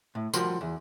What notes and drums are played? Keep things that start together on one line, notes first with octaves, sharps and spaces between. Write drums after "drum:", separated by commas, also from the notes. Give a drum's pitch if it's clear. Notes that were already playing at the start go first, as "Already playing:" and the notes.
A2
F3 G3 F4 F#4 A#4 C6, drum: tambourine
E2